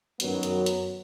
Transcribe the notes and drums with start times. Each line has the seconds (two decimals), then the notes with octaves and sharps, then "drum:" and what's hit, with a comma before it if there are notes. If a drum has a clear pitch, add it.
0.20 F#2 D#3 F#3 B3, drum: hi-hat
0.43 drum: hi-hat
0.66 drum: hi-hat